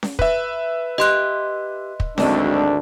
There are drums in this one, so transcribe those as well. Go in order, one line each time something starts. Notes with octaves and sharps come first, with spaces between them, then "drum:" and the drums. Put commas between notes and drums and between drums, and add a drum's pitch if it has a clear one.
drum: snare C#4
B4 E5, drum: kick
G4 D#5 C6 F#6
drum: kick
G#1 D2 F#3 G#3 C4 D4, drum: snare C#4